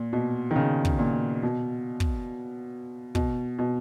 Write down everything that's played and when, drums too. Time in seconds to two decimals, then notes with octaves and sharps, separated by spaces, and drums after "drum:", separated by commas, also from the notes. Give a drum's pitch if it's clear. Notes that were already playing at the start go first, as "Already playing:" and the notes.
Already playing: A#2
0.13 B2
0.51 D#3
0.56 C#3
0.85 drum: kick
0.99 A#2
1.43 B2
2.00 drum: kick
3.15 B2, drum: kick
3.59 B2